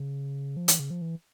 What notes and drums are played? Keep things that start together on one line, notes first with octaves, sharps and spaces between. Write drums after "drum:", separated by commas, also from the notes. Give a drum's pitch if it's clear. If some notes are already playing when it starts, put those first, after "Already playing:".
Already playing: C#3
F3
E3, drum: hi-hat
C#3
F3
E3